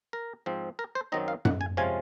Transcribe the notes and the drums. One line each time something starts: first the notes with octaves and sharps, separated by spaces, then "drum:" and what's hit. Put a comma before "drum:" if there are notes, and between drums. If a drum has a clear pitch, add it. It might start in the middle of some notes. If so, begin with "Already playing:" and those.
A#4
G#2 F3 C4
A#4
C5
F#2 D#3 F#3 C4 D#4 D#5
F5
F#5, drum: tom F#2
G#5
C3 F3 G#3 C#4 F4 G#5